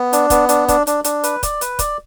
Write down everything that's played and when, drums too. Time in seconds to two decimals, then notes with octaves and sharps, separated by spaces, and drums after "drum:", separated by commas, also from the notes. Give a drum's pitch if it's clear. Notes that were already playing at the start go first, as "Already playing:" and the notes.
Already playing: B3
0.13 D4, drum: hi-hat
0.30 B3, drum: kick, hi-hat
0.49 D4, drum: hi-hat
0.68 D4, drum: kick, hi-hat
0.87 D4, drum: hi-hat
1.04 D4, drum: hi-hat
1.24 B4, drum: hi-hat
1.43 D5, drum: kick, hi-hat
1.61 B4, drum: hi-hat
1.79 D5, drum: kick, hi-hat